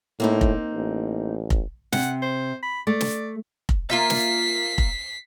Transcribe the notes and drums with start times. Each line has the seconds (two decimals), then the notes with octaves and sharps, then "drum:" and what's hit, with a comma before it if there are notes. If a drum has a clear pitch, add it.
0.20 A2 A#3 C4 D#4
0.41 drum: kick F1
0.74 A1
1.50 drum: kick F1
1.92 C3 F#5, drum: snare
2.22 C5
2.63 B5
2.87 A3 D5
3.01 drum: snare
3.69 drum: kick F1
3.90 A#3 F4 E5 B6 C7
4.10 drum: snare
4.78 drum: kick F1